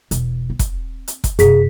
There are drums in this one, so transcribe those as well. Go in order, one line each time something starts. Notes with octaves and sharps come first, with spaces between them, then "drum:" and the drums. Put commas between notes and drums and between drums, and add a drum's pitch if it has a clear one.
E1, drum: hi-hat
C4
drum: kick, hi-hat
drum: hi-hat
drum: kick, hi-hat
F#2 C3 G#4 B6, drum: hi-hat